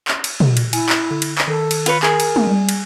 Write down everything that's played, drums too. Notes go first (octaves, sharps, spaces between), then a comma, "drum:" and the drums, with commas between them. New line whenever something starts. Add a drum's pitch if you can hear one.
drum: clap
drum: cymbal
drum: tom
drum: cymbal
E4 G#5, drum: cymbal
drum: clap
D3
drum: cymbal
drum: clap
D#3 A4
drum: cymbal
F4 B4 C#5, drum: cymbal
G#4 A#4, drum: clap
drum: cymbal
drum: tom G3
G3
drum: cymbal